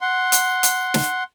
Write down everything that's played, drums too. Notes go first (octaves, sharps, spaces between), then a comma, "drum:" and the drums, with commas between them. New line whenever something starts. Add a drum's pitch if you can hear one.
F#5 C6
drum: hi-hat
drum: hi-hat
drum: snare